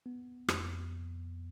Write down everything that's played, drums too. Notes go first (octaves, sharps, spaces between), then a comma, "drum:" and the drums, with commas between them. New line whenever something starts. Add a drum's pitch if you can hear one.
B3
F2, drum: rim click